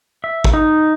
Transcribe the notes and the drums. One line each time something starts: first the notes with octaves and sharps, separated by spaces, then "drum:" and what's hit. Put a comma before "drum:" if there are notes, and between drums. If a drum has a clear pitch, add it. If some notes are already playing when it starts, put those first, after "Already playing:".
E5
drum: kick
D#4